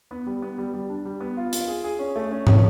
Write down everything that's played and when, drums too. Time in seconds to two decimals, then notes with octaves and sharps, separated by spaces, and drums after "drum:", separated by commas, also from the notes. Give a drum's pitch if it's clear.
0.11 B3
0.26 G3
0.42 B3
0.58 G3
0.74 G3
0.89 D4
1.05 G3
1.20 B3
1.37 F4
1.53 F4, drum: hi-hat
1.68 G#4
1.84 G#4
1.99 C#4
2.16 A3
2.31 C#4
2.47 C#4, drum: tom G#2